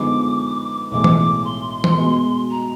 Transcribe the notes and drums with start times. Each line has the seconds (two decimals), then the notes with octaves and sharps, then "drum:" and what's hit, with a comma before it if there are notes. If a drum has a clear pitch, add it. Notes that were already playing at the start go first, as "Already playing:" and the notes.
Already playing: D3 F3 G#3 B3 D#4 D6
0.91 B1 A2 E3 G#3 D6
1.04 drum: tom E3
1.17 D6
1.44 C6
1.84 drum: tom E3
1.97 B2 G#3 B3
2.50 A#5